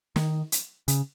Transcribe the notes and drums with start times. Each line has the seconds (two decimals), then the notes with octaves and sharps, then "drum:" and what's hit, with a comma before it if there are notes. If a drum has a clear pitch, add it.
0.16 D#3, drum: snare
0.52 drum: hi-hat
0.88 C#3, drum: hi-hat